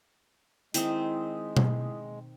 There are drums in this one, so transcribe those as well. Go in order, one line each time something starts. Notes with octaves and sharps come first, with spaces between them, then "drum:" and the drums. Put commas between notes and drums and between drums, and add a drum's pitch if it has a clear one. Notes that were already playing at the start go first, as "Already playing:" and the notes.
D#3 G#3 C4 E4 D#6, drum: hi-hat
drum: tom B2